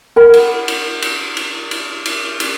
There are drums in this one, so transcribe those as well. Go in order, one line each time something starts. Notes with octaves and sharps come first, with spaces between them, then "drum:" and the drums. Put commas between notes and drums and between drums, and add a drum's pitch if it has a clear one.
A#4 F#5 B5
drum: cymbal
drum: cymbal
drum: cymbal
drum: cymbal
drum: cymbal
drum: cymbal
drum: cymbal